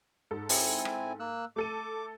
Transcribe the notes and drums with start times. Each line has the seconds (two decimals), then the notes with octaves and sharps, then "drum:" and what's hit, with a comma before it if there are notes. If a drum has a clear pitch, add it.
0.31 G#2 A4
0.49 C4 E4 G#5, drum: open hi-hat
0.85 drum: rim click
1.20 A#3 E6 F#6
1.56 A3 A4 D6 D#7